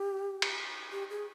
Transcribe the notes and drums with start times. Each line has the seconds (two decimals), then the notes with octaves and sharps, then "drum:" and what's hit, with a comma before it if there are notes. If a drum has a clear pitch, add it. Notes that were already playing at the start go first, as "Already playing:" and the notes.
Already playing: G4
0.42 drum: cymbal
0.92 G4
1.10 G#4